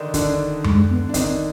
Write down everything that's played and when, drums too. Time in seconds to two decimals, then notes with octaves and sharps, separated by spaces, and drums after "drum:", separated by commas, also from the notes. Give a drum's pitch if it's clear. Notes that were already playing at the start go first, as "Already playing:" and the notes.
Already playing: D3 D#3 D4 D#4
0.14 D3 D4, drum: kick, hi-hat
0.64 G#3, drum: tom F#2
0.89 B3
1.09 D4
1.14 D#3 C4 D#4, drum: kick, hi-hat